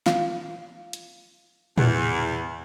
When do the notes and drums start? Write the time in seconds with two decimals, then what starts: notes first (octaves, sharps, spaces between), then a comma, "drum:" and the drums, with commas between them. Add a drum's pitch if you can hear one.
0.06 F4 F5, drum: snare
0.93 drum: hi-hat
1.78 E2, drum: tom A2